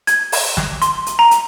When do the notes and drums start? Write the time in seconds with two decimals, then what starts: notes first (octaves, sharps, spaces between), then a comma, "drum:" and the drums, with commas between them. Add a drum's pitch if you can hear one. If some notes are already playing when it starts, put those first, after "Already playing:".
0.07 G#6, drum: hi-hat
0.32 drum: open hi-hat
0.57 drum: snare
0.82 C6, drum: hi-hat
1.06 drum: hi-hat
1.19 A#5
1.31 drum: hi-hat